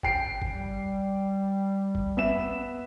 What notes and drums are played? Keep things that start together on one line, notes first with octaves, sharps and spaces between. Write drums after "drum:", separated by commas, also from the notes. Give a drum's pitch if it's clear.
G5 C7 D7, drum: kick
drum: kick
G3
drum: kick
B3 E5 E7